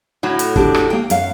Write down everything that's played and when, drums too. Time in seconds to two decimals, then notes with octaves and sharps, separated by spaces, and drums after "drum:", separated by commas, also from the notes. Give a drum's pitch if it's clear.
0.23 A2 F#3
0.39 drum: hi-hat
0.56 D4 G4, drum: kick
0.74 drum: rim click
0.90 A#3 G5
1.10 F#2 F5, drum: hi-hat